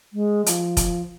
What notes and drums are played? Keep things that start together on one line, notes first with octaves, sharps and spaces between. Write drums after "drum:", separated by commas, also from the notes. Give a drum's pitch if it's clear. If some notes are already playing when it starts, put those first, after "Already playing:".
G#3
F3, drum: hi-hat
drum: kick F1, hi-hat